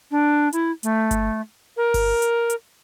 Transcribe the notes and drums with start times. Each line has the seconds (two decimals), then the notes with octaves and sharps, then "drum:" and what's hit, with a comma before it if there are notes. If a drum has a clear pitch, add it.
0.11 D4
0.53 E4, drum: hi-hat
0.83 A3, drum: hi-hat
1.11 drum: kick G1, hi-hat
1.77 A#4
1.94 drum: kick G1, open hi-hat
2.22 drum: hi-hat
2.50 drum: hi-hat